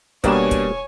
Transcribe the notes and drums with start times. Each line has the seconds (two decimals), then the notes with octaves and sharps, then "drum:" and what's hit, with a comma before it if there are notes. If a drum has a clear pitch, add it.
0.24 B2 G3 A#3 B3 D4 C#5 G#5 E7, drum: kick, hi-hat
0.51 drum: kick, hi-hat